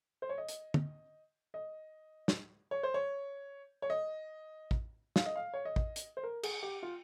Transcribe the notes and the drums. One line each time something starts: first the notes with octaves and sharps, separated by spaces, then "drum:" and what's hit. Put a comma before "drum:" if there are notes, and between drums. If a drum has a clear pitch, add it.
C5
C#5
D#5
drum: hi-hat
drum: tom
D#5
drum: snare
C#5
C5
C#5
C#5
D#5
drum: kick
F5, drum: snare
D#5
F5
C#5
D#5
drum: kick
drum: hi-hat
C5
A#4
G#4, drum: cymbal
G4
F4